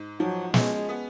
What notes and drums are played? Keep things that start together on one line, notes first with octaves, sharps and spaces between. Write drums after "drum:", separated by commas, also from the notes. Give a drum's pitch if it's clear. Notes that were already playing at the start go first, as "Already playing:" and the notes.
Already playing: G#2
F3 F#3
G#3 C#4, drum: snare
B3